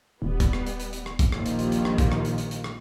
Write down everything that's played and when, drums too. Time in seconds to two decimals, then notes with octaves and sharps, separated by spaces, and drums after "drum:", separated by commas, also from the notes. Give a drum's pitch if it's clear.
0.22 D#1 G3 B3
0.40 drum: kick, hi-hat
0.53 drum: rim click
0.66 drum: hi-hat
0.80 drum: hi-hat
0.93 drum: hi-hat
1.06 drum: rim click
1.19 drum: kick, hi-hat
1.32 A#1 D#3 G3 F4, drum: rim click
1.46 drum: hi-hat
1.59 drum: hi-hat
1.72 drum: hi-hat
1.85 drum: rim click
1.98 drum: kick, hi-hat
2.12 drum: rim click
2.25 drum: hi-hat
2.38 drum: hi-hat
2.51 drum: hi-hat
2.64 drum: rim click